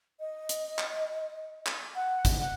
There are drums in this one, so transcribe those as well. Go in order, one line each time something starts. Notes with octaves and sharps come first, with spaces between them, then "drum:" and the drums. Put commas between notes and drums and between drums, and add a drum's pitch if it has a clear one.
D#5
drum: hi-hat
drum: clap
drum: clap
F#5
drum: kick, hi-hat
F#5